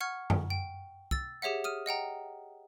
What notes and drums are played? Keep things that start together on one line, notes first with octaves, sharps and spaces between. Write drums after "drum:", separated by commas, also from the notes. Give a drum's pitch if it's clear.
F#5 C#6 F6 G#6
drum: tom F#2
G5
E6 A6, drum: kick
G4 G#4 C#5 E5 F#5
D#6 F6 D#7
D#5 F#5 G5 A#5